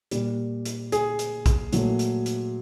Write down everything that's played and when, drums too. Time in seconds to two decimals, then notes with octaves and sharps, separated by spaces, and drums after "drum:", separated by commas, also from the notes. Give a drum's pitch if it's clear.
0.11 A#2 G3, drum: hi-hat
0.65 drum: hi-hat
0.92 G#4, drum: hi-hat
1.19 drum: hi-hat
1.46 drum: kick A#1, hi-hat
1.73 A#2 F#3 A3, drum: hi-hat
1.99 drum: hi-hat
2.26 drum: hi-hat